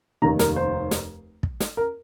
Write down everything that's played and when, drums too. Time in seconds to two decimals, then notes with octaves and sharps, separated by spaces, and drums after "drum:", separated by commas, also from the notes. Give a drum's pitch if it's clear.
0.22 F1 D#2 D#3 G3 D#4 A#5
0.39 A#4, drum: snare
0.56 C5
0.91 drum: snare
1.43 drum: kick
1.60 drum: snare
1.77 A#4